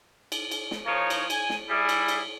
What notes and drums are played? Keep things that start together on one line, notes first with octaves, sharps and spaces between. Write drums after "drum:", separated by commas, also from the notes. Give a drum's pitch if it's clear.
drum: cymbal
drum: cymbal
drum: snare
F3 A#3 D#4 C#5
drum: cymbal
G#5, drum: cymbal
drum: snare
G3 E4 G#4
drum: cymbal
drum: cymbal